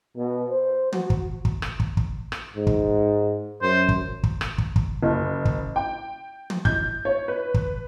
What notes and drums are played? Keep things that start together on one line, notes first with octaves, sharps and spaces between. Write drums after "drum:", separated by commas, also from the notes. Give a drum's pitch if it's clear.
B2
C5
F#4, drum: tom
drum: kick
drum: kick
drum: rim click
drum: kick
drum: kick
drum: rim click
G#2
drum: kick
F#2 C5
drum: kick
drum: kick
drum: rim click
drum: kick
drum: kick
F#1
drum: kick
G5
drum: tom
G6, drum: kick
C#5
B4
drum: kick